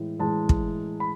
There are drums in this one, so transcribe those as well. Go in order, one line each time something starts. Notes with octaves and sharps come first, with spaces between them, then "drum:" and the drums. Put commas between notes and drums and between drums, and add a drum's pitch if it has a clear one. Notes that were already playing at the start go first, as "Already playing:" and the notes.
Already playing: A2 E3 G#3
A2 E3 G#3 A5
drum: kick
B5